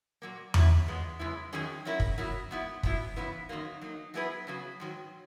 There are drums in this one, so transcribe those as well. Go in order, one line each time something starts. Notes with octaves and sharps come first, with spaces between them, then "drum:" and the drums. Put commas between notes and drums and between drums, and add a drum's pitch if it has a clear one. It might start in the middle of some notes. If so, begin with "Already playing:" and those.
A#2 F#3 A#3
F#3 C#4 E4, drum: tom E2
A#2 G#3 B3
F#2 C#3 G#3 B3 E4
F#2 D#3 F#3 C#4 G#4
F#3 C#4 E4 A#4
drum: kick
C#3 F#3 B3 E4 A#4
G#2 F#3 B3 E4
C#3 F#3 B3 E4, drum: kick
C#3 E3 B3 E4 B4
F#2 D#3 F#3 A#3
F#3 A#3 D#4
F#3 B3 E4 G#4 B4
C#3 F#3 B3
G#2 D#3 F#3